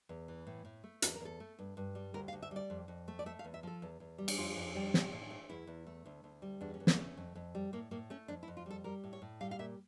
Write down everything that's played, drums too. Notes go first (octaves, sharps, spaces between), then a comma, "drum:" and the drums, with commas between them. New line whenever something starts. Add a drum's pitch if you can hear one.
E2
E3
A2
A2
A3
E2 A4, drum: hi-hat
A#4
E2 A4
A3
G2
G2
G3
D2 A#4
F5
D2
E5
G3 D5
F2
F2
A3
D5
A3 E5
F5
E2
E5
F3 A4
E2
E2
G3
drum: cymbal
F2 F4
F2
G3
A2, drum: snare
A2
A3
E2 E4
E2
A3
D2
D2
G3
E2 D4
C#4
E2
A#3, drum: snare
A3 C#4
F2
F2
G3
A2 A#3
A2 A#3
A3 C#4
F2 D4
E4
F2
F4
G3 A4
G3 A#4
A2
C#5
A2
G3 F5
F5
A#2 E5